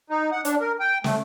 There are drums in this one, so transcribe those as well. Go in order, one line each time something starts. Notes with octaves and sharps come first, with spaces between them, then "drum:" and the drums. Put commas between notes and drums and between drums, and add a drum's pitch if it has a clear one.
D#4
F#5
D4, drum: hi-hat
A#4
G5
A3, drum: snare